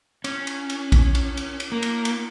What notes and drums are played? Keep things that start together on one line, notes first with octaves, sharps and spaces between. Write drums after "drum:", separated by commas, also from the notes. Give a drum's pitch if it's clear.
C#4, drum: cymbal
drum: cymbal
drum: cymbal
drum: kick A#1, cymbal
drum: cymbal
drum: cymbal
drum: cymbal
A#3
drum: cymbal
drum: cymbal